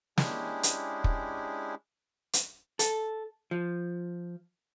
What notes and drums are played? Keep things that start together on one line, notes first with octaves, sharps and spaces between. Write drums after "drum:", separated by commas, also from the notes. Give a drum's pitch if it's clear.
G#3 C#4 D4 E4 G4 G#4, drum: snare
drum: hi-hat
drum: kick
drum: hi-hat
A4, drum: hi-hat
F3